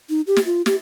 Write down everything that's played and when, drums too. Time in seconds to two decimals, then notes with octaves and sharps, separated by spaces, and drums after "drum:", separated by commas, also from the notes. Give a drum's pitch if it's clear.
0.10 D#4
0.27 G4
0.36 drum: snare
0.46 F4
0.66 G4, drum: snare